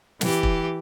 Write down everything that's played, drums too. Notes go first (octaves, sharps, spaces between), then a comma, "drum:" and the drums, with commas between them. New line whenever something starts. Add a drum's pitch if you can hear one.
E3 G4, drum: snare
drum: kick E1